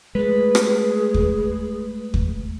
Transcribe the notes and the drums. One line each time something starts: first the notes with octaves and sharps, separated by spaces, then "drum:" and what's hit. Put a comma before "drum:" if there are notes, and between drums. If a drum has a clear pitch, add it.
G#3 A3 G#4 B4
drum: rim click
drum: kick
drum: kick